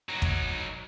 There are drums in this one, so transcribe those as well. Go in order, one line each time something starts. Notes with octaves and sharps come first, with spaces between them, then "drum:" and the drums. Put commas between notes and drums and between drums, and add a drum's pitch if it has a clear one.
F#3 D#4
drum: kick